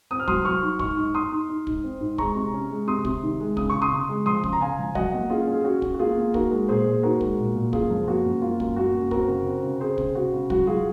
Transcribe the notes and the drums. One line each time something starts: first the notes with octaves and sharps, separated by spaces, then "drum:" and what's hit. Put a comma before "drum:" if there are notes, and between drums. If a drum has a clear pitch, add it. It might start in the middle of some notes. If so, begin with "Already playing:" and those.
C4 D#6
F6
F#3 C6 D#6, drum: kick
F#3 C#6 F6
D#4
G#2 C#6 F6, drum: kick
G#2
D#4 C6 D#6
D#4
D#4
G#2, drum: kick
C4
G#2
G#3 A#5 C#6, drum: kick
C3
C#4
G#3
C3 C6 D#6
C3, drum: kick
D#3
G#3
C#3 D#6, drum: kick
C#3 C#6
C6 D#6
C#3
G#3
F3 C6 D#6
C#3, drum: kick
A#5
C#3 F5 G#5
F3
F#3 D#5 F#5, drum: kick
A#3
C#4 F4 G#4
C#4
G#4
C#4 F#4
C#4, drum: kick
F#4
A#3 F4 G#4
A#3
D#4 F#4 A#4, drum: kick
G#3
A#2 G#4 C5
A#2
D#4 F#4 A#4
G#3, drum: kick
A#2
A#2
F#2 F4 G#4, drum: kick
F3
A#3 F#4
F#2
A#3 F4
F#2, drum: kick
A#3 F#4
F#2
C4 F#4 A#4, drum: kick
C#3
C4
C#3
C4 G#4 C5
C#3, drum: kick
C#3 F#4
C#3
F#3 F#4, drum: kick
F#3 F4 G#4